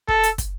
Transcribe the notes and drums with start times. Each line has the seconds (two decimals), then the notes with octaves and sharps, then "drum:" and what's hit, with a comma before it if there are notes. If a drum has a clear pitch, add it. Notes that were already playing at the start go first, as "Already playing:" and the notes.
0.08 A4, drum: kick
0.23 drum: hi-hat
0.38 drum: kick, hi-hat